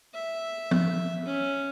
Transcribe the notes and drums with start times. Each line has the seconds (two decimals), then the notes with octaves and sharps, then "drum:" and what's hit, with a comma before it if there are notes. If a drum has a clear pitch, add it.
0.14 E5
0.71 drum: tom
1.25 C#4